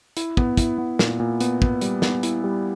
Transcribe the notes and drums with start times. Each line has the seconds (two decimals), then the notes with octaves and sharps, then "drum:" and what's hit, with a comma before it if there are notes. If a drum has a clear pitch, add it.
0.17 E4, drum: hi-hat
0.37 B3, drum: kick
0.57 E4, drum: kick, hi-hat
0.78 B3
0.99 A#2, drum: snare
1.20 A#2
1.40 B3, drum: hi-hat
1.62 B3, drum: kick
1.81 G3, drum: hi-hat
2.02 B3, drum: snare
2.23 E4, drum: hi-hat
2.44 G3